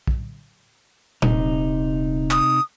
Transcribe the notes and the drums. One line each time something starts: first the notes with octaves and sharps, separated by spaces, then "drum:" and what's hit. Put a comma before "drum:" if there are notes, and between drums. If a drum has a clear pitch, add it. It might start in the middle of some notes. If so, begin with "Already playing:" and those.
drum: kick
D#1 C3 D#4, drum: tom A#2
D#6, drum: clap